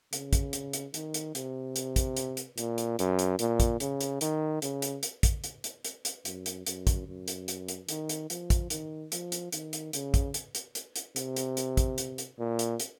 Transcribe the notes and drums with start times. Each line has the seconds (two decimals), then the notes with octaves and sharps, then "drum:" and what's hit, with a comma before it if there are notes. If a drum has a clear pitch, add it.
0.13 C#3, drum: hi-hat
0.33 drum: kick, hi-hat
0.53 drum: hi-hat
0.73 drum: hi-hat
0.94 D#3, drum: hi-hat
1.14 drum: hi-hat
1.35 C3, drum: hi-hat
1.76 drum: hi-hat
1.96 drum: kick, hi-hat
2.17 drum: hi-hat
2.37 drum: hi-hat
2.58 A#2, drum: hi-hat
2.78 drum: hi-hat
2.99 F#2, drum: hi-hat
3.19 drum: hi-hat
3.39 A#2, drum: hi-hat
3.60 drum: kick, hi-hat
3.80 C#3, drum: hi-hat
4.01 drum: hi-hat
4.21 D#3, drum: hi-hat
4.62 C#3, drum: hi-hat
4.82 drum: hi-hat
5.03 drum: hi-hat
5.23 drum: kick, hi-hat
5.44 drum: hi-hat
5.64 drum: hi-hat
5.85 drum: hi-hat
6.05 drum: hi-hat
6.25 F#2, drum: hi-hat
6.46 drum: hi-hat
6.67 F#2, drum: hi-hat
6.87 drum: kick, hi-hat
7.07 F#2
7.28 drum: hi-hat
7.48 drum: hi-hat
7.69 drum: hi-hat
7.89 D#3, drum: hi-hat
8.09 drum: hi-hat
8.30 F3, drum: hi-hat
8.50 drum: kick, hi-hat
8.70 D#3, drum: hi-hat
9.12 F3, drum: hi-hat
9.32 drum: hi-hat
9.52 D#3, drum: hi-hat
9.73 drum: hi-hat
9.93 C#3, drum: hi-hat
10.14 drum: kick, hi-hat
10.34 drum: hi-hat
10.55 drum: hi-hat
10.75 drum: hi-hat
10.96 drum: hi-hat
11.16 C3, drum: hi-hat
11.36 drum: hi-hat
11.57 drum: hi-hat
11.77 drum: kick, hi-hat
11.98 drum: hi-hat
12.18 drum: hi-hat
12.39 A#2
12.59 drum: hi-hat
12.80 drum: hi-hat